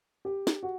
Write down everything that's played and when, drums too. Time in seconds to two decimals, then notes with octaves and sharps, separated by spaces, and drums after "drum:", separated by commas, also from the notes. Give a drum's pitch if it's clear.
0.25 G4
0.47 drum: snare
0.63 F#4